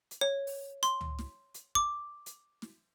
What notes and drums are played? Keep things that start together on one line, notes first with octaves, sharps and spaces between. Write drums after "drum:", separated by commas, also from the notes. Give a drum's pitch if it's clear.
drum: hi-hat
C#5
drum: open hi-hat
C6, drum: hi-hat
drum: tom C#2
drum: snare
drum: hi-hat
D6, drum: kick
drum: hi-hat
drum: snare